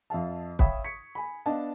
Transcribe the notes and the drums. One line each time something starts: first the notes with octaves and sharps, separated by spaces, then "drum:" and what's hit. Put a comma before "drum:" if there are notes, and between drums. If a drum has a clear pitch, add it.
F2 E5 F5 A5
C#5 E5 F5 G5 B5 D#6, drum: kick
C#6 G#6 B6 C#7
G#5 B5
B3 D4 B4 D#5 F5 A5